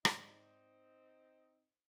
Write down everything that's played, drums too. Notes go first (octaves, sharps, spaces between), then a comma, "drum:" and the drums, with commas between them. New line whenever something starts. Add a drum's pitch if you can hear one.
G#2 C4 D#4 D5, drum: rim click